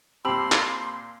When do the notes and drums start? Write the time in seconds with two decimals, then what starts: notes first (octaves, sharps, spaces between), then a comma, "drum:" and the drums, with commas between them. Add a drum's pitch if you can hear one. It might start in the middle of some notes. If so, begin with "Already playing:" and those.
0.25 A#2 C4 G4 A5 B5 C6 E6 F#7
0.52 drum: clap